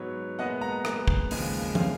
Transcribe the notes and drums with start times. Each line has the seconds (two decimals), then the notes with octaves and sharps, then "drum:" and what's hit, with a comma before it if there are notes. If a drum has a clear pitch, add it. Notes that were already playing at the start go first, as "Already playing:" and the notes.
Already playing: G#2 F#3 B3 C#5
0.39 A#2 G#3 B3 D#5 F#5
0.61 F#5 A#5
0.85 drum: rim click
1.08 drum: kick
1.31 D#2 C#3 F3 G#3, drum: open hi-hat
1.75 F5 G#5, drum: tom